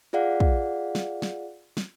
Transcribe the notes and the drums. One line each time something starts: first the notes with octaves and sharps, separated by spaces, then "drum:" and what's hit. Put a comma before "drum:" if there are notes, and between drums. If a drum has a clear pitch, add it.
F4 G#4 D5 F5 F#5
drum: kick
drum: snare
drum: snare
drum: snare